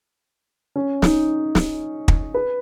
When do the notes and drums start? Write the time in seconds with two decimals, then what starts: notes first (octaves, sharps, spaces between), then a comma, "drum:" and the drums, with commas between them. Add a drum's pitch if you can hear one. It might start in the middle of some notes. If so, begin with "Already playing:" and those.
0.76 C#4
1.02 D#4, drum: snare
1.55 drum: snare
2.08 drum: kick
2.34 B4